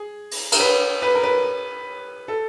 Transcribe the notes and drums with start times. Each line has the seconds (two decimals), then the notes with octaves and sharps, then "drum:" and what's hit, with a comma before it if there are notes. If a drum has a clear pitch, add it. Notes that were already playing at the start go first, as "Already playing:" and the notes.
Already playing: G#4
0.31 drum: open hi-hat
0.52 A#4, drum: cymbal
0.60 B4
1.02 B4
1.15 A#4
1.23 B4
2.28 A4